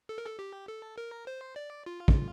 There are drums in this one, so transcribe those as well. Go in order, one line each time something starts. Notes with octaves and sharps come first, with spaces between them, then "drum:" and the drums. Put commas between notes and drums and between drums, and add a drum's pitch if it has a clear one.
A4
A#4
A4
G4
A4
A#4
C5
D5
F4
drum: kick